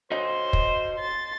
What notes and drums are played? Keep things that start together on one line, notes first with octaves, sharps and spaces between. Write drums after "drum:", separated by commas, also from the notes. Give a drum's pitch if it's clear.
F#4 C5 C#5 D#5
drum: kick
C6 A6